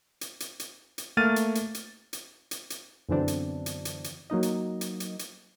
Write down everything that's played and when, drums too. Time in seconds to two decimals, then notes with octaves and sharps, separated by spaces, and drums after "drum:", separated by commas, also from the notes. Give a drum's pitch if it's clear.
0.21 drum: hi-hat
0.40 drum: hi-hat
0.60 drum: hi-hat
0.98 drum: hi-hat
1.17 A3 A#3 F6 A6 D#7
1.36 drum: hi-hat
1.55 drum: hi-hat
1.74 drum: hi-hat
2.13 drum: hi-hat
2.51 drum: hi-hat
2.70 drum: hi-hat
3.09 F#2 B2 D3 E3 C4 D4
3.28 drum: hi-hat
3.66 drum: hi-hat
3.85 drum: hi-hat
4.04 drum: hi-hat
4.30 F#3 A#3 D#4 D#5
4.43 drum: hi-hat
4.81 drum: hi-hat
5.00 drum: hi-hat
5.19 drum: hi-hat